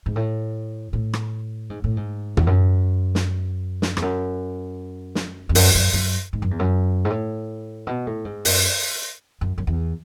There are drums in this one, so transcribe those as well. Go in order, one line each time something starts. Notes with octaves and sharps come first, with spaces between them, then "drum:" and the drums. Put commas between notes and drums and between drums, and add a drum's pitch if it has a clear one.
G#2
A2
A2
drum: rim click
G#2
A2
G#2
E2, drum: tom
F#2
drum: snare
drum: snare
E2, drum: rim click
F#2
drum: snare
E2
F#2, drum: open hi-hat
F#2
F#2
G#2
F#2
E2
F#2
G#2
A2
B2
A2
G#2
F#2, drum: open hi-hat
F#2
F#2
E2